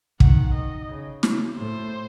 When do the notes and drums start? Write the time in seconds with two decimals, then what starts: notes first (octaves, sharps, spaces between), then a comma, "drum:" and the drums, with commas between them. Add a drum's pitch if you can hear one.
0.20 D#3 F#5, drum: kick
0.55 D#5
0.89 C#3
1.23 drum: snare
1.57 A2 C5